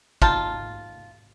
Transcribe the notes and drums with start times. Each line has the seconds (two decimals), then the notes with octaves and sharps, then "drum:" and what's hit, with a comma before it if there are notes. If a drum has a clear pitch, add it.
0.22 D#4 F4 A5, drum: kick